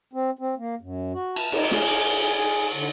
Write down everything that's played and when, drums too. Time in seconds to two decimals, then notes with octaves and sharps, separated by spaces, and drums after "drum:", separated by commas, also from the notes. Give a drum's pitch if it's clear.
0.13 C4
0.39 C4
0.58 A#3
0.81 F#2
1.13 F#4
1.36 A5, drum: cymbal
1.52 D#4, drum: cymbal
1.71 G#4, drum: snare
2.18 G#4
2.36 G#4
2.74 D3